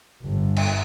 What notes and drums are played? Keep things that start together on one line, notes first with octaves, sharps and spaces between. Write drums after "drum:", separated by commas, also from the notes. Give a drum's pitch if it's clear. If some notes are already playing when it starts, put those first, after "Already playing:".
G1
drum: cymbal